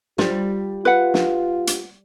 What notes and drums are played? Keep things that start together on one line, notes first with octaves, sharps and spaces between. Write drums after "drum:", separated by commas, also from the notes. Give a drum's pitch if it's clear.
G3 F4 G4, drum: snare
F4 B4 F#5
drum: snare
drum: hi-hat